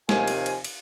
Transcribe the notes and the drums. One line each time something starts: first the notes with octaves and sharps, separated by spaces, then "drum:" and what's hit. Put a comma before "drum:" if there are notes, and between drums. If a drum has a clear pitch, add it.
D#2 C3 D#3 F3 F5 G#5, drum: snare
drum: cymbal
drum: cymbal
drum: cymbal